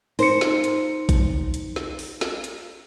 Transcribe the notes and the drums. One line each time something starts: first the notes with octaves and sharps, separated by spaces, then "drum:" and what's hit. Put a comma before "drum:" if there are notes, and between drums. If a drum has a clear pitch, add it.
D#4 A#4 C5 C#7, drum: open hi-hat
drum: snare
drum: hi-hat
drum: kick A#1, hi-hat
drum: hi-hat
drum: snare
drum: open hi-hat
drum: snare
drum: hi-hat